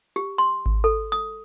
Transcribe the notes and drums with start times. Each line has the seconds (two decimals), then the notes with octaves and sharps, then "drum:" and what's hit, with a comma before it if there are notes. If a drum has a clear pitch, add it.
0.16 G4
0.38 C6
0.66 drum: kick G#1
0.84 A4
1.12 D#6